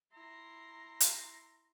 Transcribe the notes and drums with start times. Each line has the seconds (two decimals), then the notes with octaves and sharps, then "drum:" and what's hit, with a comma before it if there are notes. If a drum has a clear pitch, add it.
0.14 E4 A#5 C6
1.00 drum: hi-hat